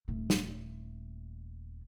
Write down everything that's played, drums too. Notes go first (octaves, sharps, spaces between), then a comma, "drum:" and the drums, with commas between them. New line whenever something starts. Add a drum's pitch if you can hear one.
D#1 A3
drum: snare